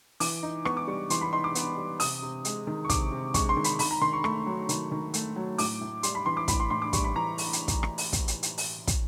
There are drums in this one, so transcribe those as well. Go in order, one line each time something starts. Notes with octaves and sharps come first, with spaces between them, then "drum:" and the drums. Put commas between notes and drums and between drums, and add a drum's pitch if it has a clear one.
E3 D6, drum: open hi-hat
D#4
B3 C#6, drum: rim click
D6
G3 C#6
E3 C6, drum: hi-hat
B5
D#4 C6
D6
B3, drum: hi-hat
G3
C3 D#6, drum: open hi-hat
C3
G#3, drum: hi-hat
D#3
C#6
C3 D6, drum: kick, hi-hat
C3
G#3 C#6, drum: kick, hi-hat
C6
D#3
B5, drum: hi-hat
D#3 B5, drum: open hi-hat
A#5
D#3 C6
C#6
A3 C#6, drum: rim click
F#3
D#3, drum: hi-hat
D#3
A3, drum: hi-hat
F#3
A2 D6, drum: open hi-hat
A2
G3 C6, drum: hi-hat
B5
E3 C6
D6
A2 B5, drum: kick, hi-hat
C6
A2 C6
D6
G3 C#6, drum: kick, hi-hat
B5
E3 A#5
drum: open hi-hat
drum: hi-hat
drum: kick, hi-hat
drum: rim click
drum: open hi-hat
drum: kick, hi-hat
drum: hi-hat
drum: hi-hat
drum: open hi-hat
drum: kick, hi-hat